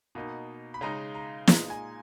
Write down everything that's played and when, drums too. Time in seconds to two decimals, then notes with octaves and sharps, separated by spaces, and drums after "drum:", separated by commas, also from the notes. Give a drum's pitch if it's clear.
0.15 B2 A#3 D#4
0.74 B5
0.81 C#3 G#3 D#4 A#5
1.14 A#5
1.47 A#2 G#3 D#4 A#5, drum: snare
1.70 G#5